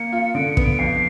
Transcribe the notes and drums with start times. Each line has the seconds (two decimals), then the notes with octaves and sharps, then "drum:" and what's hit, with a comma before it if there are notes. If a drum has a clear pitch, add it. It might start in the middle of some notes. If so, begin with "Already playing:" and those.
Already playing: A#3 C#7
0.13 F4
0.35 D3 D7
0.50 C#7
0.57 B3, drum: kick
0.65 D7
0.79 F2 C7